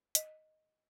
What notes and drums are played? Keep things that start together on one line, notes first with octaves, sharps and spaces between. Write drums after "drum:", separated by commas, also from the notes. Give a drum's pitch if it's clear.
D#5, drum: hi-hat